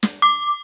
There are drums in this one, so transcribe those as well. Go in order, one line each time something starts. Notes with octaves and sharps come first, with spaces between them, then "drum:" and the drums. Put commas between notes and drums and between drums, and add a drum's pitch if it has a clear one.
drum: snare
D6